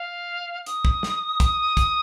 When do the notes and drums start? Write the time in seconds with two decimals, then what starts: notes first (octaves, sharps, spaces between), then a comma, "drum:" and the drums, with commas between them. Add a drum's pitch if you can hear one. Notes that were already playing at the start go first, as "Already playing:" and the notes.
Already playing: F5
0.66 D#6, drum: hi-hat
0.85 drum: kick
1.03 drum: snare
1.40 drum: kick, hi-hat
1.77 drum: kick, hi-hat